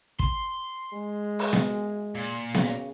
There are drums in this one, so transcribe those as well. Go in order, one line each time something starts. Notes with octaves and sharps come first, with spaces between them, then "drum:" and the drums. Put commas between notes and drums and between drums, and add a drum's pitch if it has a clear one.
C6, drum: kick
G#3
drum: open hi-hat
drum: snare B3
A#2
C#3, drum: snare B3